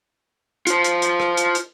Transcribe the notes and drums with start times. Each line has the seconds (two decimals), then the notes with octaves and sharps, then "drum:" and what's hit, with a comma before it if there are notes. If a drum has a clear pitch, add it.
0.67 F4 C5, drum: hi-hat
0.84 drum: hi-hat
1.02 drum: hi-hat
1.20 drum: rim click
1.37 drum: hi-hat
1.55 drum: hi-hat